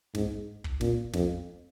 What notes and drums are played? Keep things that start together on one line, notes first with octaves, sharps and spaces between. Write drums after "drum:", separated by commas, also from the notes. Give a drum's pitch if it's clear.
G#2, drum: snare
drum: kick
A#2, drum: snare
F2, drum: snare